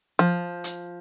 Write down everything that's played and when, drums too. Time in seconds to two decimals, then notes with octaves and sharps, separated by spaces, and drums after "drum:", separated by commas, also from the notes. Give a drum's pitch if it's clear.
0.19 F3
0.64 drum: hi-hat